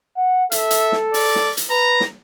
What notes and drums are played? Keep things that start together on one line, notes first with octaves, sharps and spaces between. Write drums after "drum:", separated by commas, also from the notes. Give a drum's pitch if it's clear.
F#5
A4 E5, drum: hi-hat
drum: hi-hat
drum: snare
D5, drum: open hi-hat
drum: snare
drum: hi-hat
B4 A#5
drum: snare